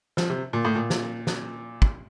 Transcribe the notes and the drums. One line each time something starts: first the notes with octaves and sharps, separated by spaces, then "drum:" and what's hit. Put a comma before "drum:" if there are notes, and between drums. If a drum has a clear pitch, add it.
F3, drum: snare
C3
A#2
A2
A#2
drum: snare
drum: snare
drum: kick